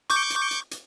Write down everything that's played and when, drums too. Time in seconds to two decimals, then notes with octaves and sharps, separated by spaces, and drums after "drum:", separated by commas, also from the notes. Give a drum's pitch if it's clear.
0.10 C#6 D6 G6, drum: hi-hat
0.30 drum: hi-hat
0.51 drum: hi-hat
0.71 drum: hi-hat